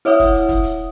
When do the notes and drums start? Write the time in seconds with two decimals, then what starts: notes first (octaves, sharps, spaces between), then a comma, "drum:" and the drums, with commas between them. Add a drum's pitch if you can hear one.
0.05 E4 C#5 E5 F#5 D#6, drum: hi-hat
0.20 drum: kick, hi-hat
0.34 drum: hi-hat
0.49 drum: kick, hi-hat
0.63 drum: hi-hat